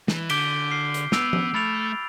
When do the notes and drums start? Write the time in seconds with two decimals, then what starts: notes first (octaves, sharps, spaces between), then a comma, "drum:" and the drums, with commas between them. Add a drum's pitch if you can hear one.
0.08 E3, drum: snare
0.30 D3 D6 G6 B6 D7 G7, drum: cymbal
0.71 D6 F6 C7
0.94 drum: hi-hat
1.12 B3 E6 G6 D7 F7, drum: snare
1.33 drum: tom F3
1.54 A3 B5 F6 A6 D7 F7